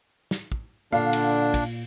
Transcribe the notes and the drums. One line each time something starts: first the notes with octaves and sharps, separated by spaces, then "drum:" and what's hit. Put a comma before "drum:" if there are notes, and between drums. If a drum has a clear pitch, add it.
drum: snare
drum: kick
A#2 D3 D4 F5
drum: cymbal
drum: kick, cymbal